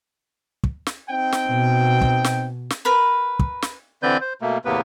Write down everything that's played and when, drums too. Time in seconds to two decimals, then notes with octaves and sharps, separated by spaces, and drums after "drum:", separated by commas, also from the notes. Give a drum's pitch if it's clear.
0.64 drum: kick
0.86 drum: snare
1.09 C4 D#4 G5
1.32 drum: snare
1.48 B2
2.01 drum: kick
2.24 drum: snare
2.70 drum: snare
2.85 A#4 B4 B5
3.39 drum: kick
3.62 drum: snare
4.03 D3 E3 C4 B4 D5 G6
4.21 C5
4.41 B2 A3 A#3
4.65 E2 A2 C3 A#3 B3 B4